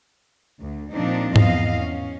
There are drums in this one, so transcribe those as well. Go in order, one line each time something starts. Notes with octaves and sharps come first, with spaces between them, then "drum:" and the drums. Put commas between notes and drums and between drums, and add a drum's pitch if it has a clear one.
D2
A#2 F3 C4 D4 D#4
E2 D#5 F5, drum: tom G#2
C#4